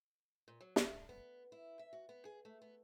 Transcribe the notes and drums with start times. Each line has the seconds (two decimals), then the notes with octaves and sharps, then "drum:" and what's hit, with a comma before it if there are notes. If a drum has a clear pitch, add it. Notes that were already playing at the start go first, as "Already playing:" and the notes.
0.48 A#2
0.61 F#3
0.76 A3, drum: snare
0.93 D4
1.09 B3
1.52 E4
1.79 E5
1.93 F#4
2.09 B3
2.25 G#4
2.45 A3
2.62 B3